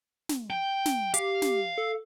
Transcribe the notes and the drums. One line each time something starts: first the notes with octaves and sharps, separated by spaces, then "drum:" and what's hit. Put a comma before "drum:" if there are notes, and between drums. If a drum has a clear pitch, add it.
drum: snare
G5
drum: snare
G4 F5, drum: hi-hat
drum: snare
A4